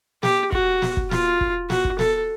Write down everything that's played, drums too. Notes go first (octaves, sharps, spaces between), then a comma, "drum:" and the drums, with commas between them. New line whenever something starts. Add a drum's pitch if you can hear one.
G4, drum: snare
F#4, drum: kick
drum: snare
drum: kick
F4, drum: snare
drum: kick
F#4, drum: snare
drum: kick
A4, drum: snare